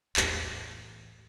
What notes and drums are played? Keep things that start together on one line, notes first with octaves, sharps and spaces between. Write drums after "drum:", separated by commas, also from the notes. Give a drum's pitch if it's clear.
E2 A2, drum: clap